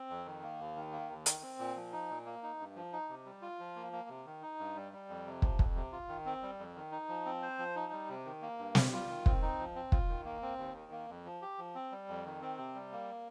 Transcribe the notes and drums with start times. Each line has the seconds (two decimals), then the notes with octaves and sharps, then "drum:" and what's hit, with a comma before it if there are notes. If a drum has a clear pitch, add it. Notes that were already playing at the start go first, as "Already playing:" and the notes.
Already playing: C4
0.10 F2
0.26 D#3
0.43 A#3
0.59 D#2
0.76 D#3
0.92 A#3
1.10 D#2
1.26 D#3, drum: hi-hat
1.43 C4
1.59 A#2
1.76 F3
1.93 D#4
2.09 A#2
2.26 A#3
2.43 D#4
2.59 G2
2.76 F3
2.93 D#4
3.09 C3
3.26 G3
3.42 F4
3.59 F3
3.76 A#3
3.93 A#3
4.09 C3
4.26 D#3
4.42 D#4
4.59 G2
4.76 G3
4.93 G3
5.09 F2
5.26 C3
5.42 F3, drum: kick
5.59 F2, drum: kick
5.75 C3
5.92 F4
6.09 D#3
6.26 C4
6.42 G3
6.59 F2
6.76 D#3
6.92 D#4
7.09 F3
7.25 C4
7.42 C5
7.59 F3
7.76 D#4
7.92 G3
8.09 C3
8.25 D#3
8.42 A#3
8.59 G2
8.75 G3, drum: snare
8.93 F4
9.08 D#3
9.26 C4, drum: kick
9.42 D#4
9.59 F3
9.76 C4
9.92 F4, drum: kick
10.09 D#3
10.25 A#3
10.42 C4
10.59 D#2
10.75 D#3
10.92 A#3
11.09 F2
11.25 F3
11.42 G4
11.58 F3
11.75 C4
11.92 G3
12.08 F2
12.25 D#3
12.42 C4
12.58 C3
12.75 G3
12.92 A#3